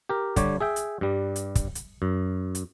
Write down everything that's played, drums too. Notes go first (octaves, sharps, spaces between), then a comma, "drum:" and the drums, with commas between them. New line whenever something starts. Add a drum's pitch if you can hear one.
G4 A#4
D3 G3 G4 C#5, drum: kick, hi-hat
G#4 E5 G5
drum: hi-hat
G2 G3
drum: hi-hat
drum: kick, hi-hat
drum: hi-hat
F#2
drum: hi-hat